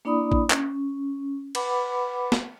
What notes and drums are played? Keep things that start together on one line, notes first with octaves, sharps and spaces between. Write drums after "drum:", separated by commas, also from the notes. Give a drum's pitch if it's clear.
A#3 D4 E4 D5 B5 D#6
drum: kick A1
C#4, drum: clap
B4 F#5 B5 D6, drum: cymbal
drum: snare